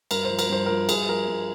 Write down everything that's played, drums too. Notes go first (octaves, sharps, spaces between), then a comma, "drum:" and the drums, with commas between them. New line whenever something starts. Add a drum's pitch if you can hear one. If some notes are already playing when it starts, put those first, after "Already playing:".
G2 A#4, drum: cymbal
C5
F3
A#4, drum: cymbal
G2 C5
F3 A#4
G2 G#4, drum: cymbal
F3 A#4
G2